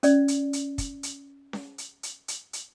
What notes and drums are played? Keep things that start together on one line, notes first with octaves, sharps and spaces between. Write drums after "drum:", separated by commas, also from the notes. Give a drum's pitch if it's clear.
C#4 D5, drum: hi-hat
drum: hi-hat
drum: hi-hat
drum: kick, hi-hat
drum: hi-hat
drum: snare C#4
drum: hi-hat
drum: hi-hat
drum: hi-hat
drum: hi-hat